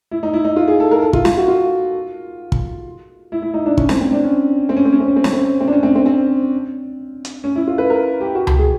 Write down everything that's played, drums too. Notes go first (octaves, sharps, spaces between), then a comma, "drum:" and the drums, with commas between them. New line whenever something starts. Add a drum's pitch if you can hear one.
E4
D#4
E4
D#4
F4
G#4
A4
A#4
A4
F4, drum: kick
F4, drum: snare
F#4
F4
drum: kick
E4
E4
D#4
D4
C#4, drum: kick
C4, drum: snare
C4
D4
C#4
C4
C#4
C4
C#4
C4
C#4
C4
C#4, drum: snare
C4
C4
D4
C#4
C4
C4
C4
drum: hi-hat
C#4
E4
F4
B4
A#4
G4
F#4
G4, drum: tom C#2
G#4